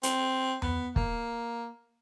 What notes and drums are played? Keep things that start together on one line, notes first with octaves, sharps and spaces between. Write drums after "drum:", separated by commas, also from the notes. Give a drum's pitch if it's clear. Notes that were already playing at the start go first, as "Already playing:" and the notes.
C4, drum: hi-hat
B3, drum: tom E2
A#3, drum: kick